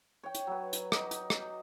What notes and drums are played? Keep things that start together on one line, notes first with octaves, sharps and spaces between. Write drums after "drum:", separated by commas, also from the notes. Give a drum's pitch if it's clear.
C#5 G5
drum: hi-hat
F#3 B4
drum: hi-hat
D#4 D6, drum: rim click
drum: hi-hat
drum: rim click